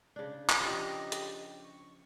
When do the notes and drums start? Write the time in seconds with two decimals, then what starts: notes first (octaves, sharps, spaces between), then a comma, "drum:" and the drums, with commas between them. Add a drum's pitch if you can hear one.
0.16 C#3 D4
0.50 drum: clap
0.60 F3 G4 D#5
1.12 drum: hi-hat
1.64 C#6